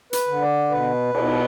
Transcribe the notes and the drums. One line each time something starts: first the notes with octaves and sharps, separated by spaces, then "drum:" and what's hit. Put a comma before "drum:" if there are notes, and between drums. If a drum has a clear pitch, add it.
B4, drum: hi-hat
D3
D5
B2 B4
B2, drum: cymbal